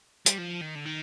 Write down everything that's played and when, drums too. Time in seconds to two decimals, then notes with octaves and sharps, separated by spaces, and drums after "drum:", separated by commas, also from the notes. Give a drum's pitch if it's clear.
0.26 G3, drum: hi-hat
0.38 F3
0.61 D#3
0.75 D3
0.85 D#3